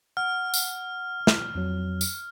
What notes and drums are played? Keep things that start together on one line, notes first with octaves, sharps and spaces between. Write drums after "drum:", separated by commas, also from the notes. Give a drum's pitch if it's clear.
F#5 F6
drum: tambourine
drum: snare
F2 F#3
drum: tambourine